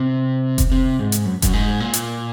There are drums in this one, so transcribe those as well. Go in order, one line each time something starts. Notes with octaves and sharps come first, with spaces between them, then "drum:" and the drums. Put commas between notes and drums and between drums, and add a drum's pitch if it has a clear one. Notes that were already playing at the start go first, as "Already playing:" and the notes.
Already playing: C3
drum: kick F1, hi-hat
C3
G#2
drum: hi-hat
F#2
F#2, drum: kick F1, hi-hat
G#2
A#2
drum: hi-hat